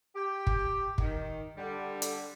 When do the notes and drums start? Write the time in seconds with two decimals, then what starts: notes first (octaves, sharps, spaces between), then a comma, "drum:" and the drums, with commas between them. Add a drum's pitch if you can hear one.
0.15 G4
0.47 drum: kick
0.98 D#3, drum: kick
1.56 D3 G3
2.02 drum: hi-hat